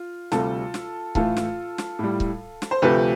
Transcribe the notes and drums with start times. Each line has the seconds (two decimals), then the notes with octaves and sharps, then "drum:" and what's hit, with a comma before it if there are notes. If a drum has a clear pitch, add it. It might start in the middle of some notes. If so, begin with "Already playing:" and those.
Already playing: F4
0.32 D2 C3 G3 F4 A4, drum: snare
0.74 drum: snare
1.15 A2 E3 A3 F4 A4, drum: kick C#1
1.37 drum: snare
1.78 drum: snare
1.99 A2 G3
2.20 drum: kick C#1
2.62 drum: snare
2.71 C5
2.82 D2 C3 F3 A3 G4 B4